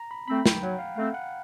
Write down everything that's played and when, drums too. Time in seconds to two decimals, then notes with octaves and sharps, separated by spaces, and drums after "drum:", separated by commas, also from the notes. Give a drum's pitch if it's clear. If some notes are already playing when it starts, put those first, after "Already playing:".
Already playing: A#5
0.11 B5
0.28 A3 C4 B5
0.46 G5, drum: snare
0.62 F#3 F#5
0.79 F5
0.96 A3 C4 F5
1.14 F#5